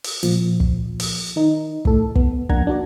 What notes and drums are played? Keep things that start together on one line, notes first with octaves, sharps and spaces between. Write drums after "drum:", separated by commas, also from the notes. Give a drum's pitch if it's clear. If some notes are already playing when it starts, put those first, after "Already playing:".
drum: open hi-hat
A#2 F3, drum: hi-hat
drum: kick
drum: open hi-hat
D#3 D#4
A2 A4, drum: kick
B3, drum: kick
F2 A#3 D4 F#5 A#5 G#6, drum: kick
D4 F#4 D5